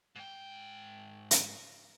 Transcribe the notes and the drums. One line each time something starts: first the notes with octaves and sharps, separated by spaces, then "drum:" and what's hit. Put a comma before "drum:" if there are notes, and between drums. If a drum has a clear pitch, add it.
G#2 G5
drum: hi-hat